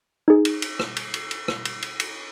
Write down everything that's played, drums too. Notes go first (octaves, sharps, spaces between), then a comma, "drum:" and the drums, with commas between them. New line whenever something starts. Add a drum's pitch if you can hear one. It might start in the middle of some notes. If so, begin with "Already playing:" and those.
D#4 G#4
drum: cymbal
drum: cymbal
drum: rim click
drum: cymbal
drum: cymbal
drum: cymbal
drum: rim click
drum: cymbal
drum: cymbal
drum: cymbal